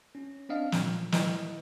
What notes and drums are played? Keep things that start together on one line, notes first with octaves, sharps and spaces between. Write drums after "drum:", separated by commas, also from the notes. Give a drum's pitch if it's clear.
C#4
C4 D4 D#5 F5
A#2 F3, drum: snare
E4 B4 D#5, drum: snare